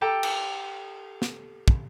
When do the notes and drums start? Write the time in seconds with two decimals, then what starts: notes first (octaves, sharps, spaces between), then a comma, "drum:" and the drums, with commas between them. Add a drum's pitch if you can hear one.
0.01 G4 A4 G5 A#5
0.23 drum: cymbal
1.22 drum: snare
1.68 drum: kick